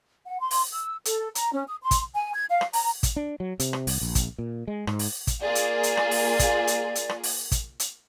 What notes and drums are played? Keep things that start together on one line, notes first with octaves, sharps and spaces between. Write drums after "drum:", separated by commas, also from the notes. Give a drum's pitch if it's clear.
F#5
C6
drum: open hi-hat
E6
A4, drum: hi-hat
A#5, drum: hi-hat
C#4
D#6
C6
drum: kick, hi-hat
G#5
G#6
F5
drum: rim click
A#5, drum: open hi-hat
drum: kick, hi-hat
D4
F#3
C3, drum: hi-hat
drum: rim click
C2, drum: open hi-hat
A#1
drum: kick, hi-hat
A#2
G#3
G#2, drum: rim click
drum: open hi-hat
drum: kick, hi-hat
A#3 F4 G#4 D5
drum: hi-hat
drum: hi-hat
drum: rim click
drum: open hi-hat
drum: kick, hi-hat
drum: hi-hat
drum: hi-hat
drum: rim click
drum: open hi-hat
drum: kick, hi-hat
drum: hi-hat